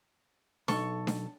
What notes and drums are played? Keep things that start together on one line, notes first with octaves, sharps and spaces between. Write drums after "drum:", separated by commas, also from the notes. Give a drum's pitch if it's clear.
B1 A4 C#6, drum: snare D4
drum: snare D4